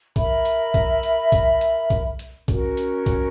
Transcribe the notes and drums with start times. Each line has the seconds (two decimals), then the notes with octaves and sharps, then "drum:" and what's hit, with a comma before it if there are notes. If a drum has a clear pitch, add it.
0.16 A#4 E5 B5, drum: kick, hi-hat
0.45 drum: hi-hat
0.74 drum: kick, hi-hat
1.03 drum: hi-hat
1.32 drum: kick, hi-hat
1.61 drum: hi-hat
1.90 drum: kick, hi-hat
2.19 drum: hi-hat
2.48 C#4 F#4 A#4, drum: kick, hi-hat
2.77 drum: hi-hat
3.06 drum: kick, hi-hat